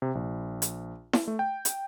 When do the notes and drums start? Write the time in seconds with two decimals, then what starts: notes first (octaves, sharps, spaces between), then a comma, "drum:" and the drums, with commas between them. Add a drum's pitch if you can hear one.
0.02 C3
0.15 A#1
0.62 drum: hi-hat
1.13 drum: snare E4
1.27 A3
1.39 G5
1.65 drum: hi-hat